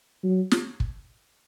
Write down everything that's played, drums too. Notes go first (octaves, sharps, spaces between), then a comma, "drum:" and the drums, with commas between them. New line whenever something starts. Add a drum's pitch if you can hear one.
F#3
drum: snare
drum: kick